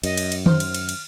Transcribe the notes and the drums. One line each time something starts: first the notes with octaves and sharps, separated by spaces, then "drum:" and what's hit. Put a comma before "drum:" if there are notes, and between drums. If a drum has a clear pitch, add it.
F#2 D#5, drum: cymbal
drum: cymbal
drum: cymbal
D#3 C5 F6, drum: tom
drum: cymbal
drum: cymbal
drum: cymbal